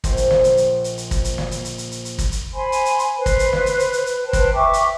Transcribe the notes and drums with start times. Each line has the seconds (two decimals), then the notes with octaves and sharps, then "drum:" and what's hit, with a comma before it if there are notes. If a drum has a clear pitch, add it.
0.04 A#1 C5, drum: kick, hi-hat
0.17 drum: hi-hat
0.31 drum: snare
0.44 drum: hi-hat
0.57 drum: hi-hat
0.84 drum: hi-hat
0.98 drum: hi-hat
1.11 drum: kick, hi-hat
1.24 drum: hi-hat
1.38 drum: snare
1.51 drum: hi-hat
1.65 drum: hi-hat
1.78 drum: hi-hat
1.92 drum: hi-hat
2.05 drum: hi-hat
2.18 drum: kick, hi-hat
2.32 drum: hi-hat
2.53 C5 G#5 B5 C6
2.72 drum: hi-hat
2.86 drum: hi-hat
2.99 drum: hi-hat
3.16 B4 C5
3.26 drum: kick, hi-hat
3.39 drum: hi-hat
3.53 drum: snare
3.66 drum: hi-hat
3.80 drum: hi-hat
3.93 drum: hi-hat
4.06 drum: hi-hat
4.24 B4 C5 G5 A5
4.33 drum: kick, hi-hat
4.53 E5 G5 C#6 D6
4.73 drum: hi-hat